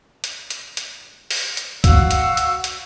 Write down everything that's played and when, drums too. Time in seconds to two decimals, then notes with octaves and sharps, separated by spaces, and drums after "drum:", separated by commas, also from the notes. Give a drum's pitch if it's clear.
0.24 drum: hi-hat
0.50 drum: hi-hat
0.77 drum: hi-hat
1.31 drum: open hi-hat
1.57 drum: hi-hat
1.84 F#4 F5 F#5 E6, drum: kick C2, hi-hat
2.11 drum: hi-hat
2.37 drum: hi-hat
2.64 drum: hi-hat